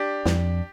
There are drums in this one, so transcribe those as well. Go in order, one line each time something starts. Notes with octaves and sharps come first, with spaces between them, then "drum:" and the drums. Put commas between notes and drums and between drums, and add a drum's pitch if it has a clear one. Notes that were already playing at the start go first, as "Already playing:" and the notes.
Already playing: D4 G4
F2, drum: snare